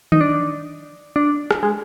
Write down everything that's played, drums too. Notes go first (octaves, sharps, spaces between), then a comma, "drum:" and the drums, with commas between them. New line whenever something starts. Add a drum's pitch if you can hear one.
D#4, drum: tom D#3
D4
D4
drum: rim click
G#3